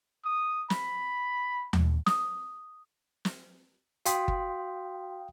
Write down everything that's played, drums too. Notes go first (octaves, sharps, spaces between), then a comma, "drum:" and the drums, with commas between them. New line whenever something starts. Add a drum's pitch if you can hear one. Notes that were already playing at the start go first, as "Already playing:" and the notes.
D#6
B5, drum: snare
drum: tom D#2
D#6, drum: snare
drum: snare
F#4 F5 G5 C6 D#6 B6, drum: hi-hat
drum: kick G1